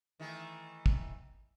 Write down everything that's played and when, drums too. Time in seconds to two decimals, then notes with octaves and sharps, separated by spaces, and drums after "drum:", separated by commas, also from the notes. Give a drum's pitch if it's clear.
0.20 D#3 E3 A3
0.86 drum: kick